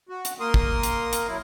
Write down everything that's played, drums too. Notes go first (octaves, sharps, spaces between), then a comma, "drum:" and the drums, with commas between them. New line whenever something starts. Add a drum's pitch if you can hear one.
F#4
drum: hi-hat
A#3 A#4 C6 D#6
drum: kick
drum: hi-hat
drum: hi-hat
F#3 E4